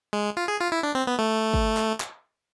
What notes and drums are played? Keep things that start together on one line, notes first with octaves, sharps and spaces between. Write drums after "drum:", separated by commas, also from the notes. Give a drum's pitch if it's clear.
G#3
F4
G#4
F4
E4
D4
C4
B3
A3
drum: kick
drum: clap
drum: clap